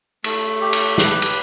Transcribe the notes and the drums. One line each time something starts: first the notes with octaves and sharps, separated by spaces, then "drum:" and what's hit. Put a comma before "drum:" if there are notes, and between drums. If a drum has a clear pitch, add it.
A3, drum: cymbal
G4
drum: cymbal
B4, drum: snare
drum: cymbal